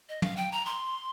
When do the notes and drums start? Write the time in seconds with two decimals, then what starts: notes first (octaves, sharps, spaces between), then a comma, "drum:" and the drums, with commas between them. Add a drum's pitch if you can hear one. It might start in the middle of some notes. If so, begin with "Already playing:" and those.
0.09 D#5
0.22 F5, drum: tom
0.37 G5
0.52 A#5
0.66 C6